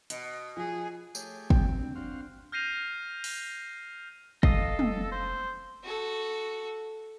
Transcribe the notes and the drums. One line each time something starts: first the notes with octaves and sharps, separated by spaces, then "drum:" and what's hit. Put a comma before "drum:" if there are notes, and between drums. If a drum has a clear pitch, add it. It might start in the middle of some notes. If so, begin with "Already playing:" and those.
B2, drum: hi-hat
F3 G#4
A3 G4 G#4 C#5, drum: tambourine
C4 F#4 G5, drum: kick
D4
D4 F#4 C5 F5
F6 G6 A#6 C7 D#7 F7
drum: open hi-hat
F1 A4 D#5 F5 D#6, drum: kick
drum: tom
C5
F#4 A4